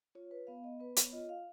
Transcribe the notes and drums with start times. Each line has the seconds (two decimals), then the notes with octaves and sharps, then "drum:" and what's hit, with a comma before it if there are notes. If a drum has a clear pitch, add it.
0.15 F4 C#5
0.31 B4
0.47 B3 F5
0.64 D#5
0.80 B3 B4
0.96 C#5, drum: hi-hat
1.12 F4 D#5
1.29 F5